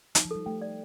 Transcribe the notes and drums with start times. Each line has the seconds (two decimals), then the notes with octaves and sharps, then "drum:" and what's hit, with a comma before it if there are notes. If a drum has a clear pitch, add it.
0.15 F3 D#4, drum: hi-hat
0.25 F3
0.31 G3 A4
0.46 A3 G5
0.61 D5